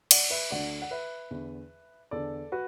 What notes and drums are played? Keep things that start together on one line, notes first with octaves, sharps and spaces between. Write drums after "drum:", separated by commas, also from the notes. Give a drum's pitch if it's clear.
D5 F#5, drum: cymbal
B4 E5
D2 D3 D5 F#5
F#5
B4 E5
E2 D3
E2 D3 A4 D5
F#4 B4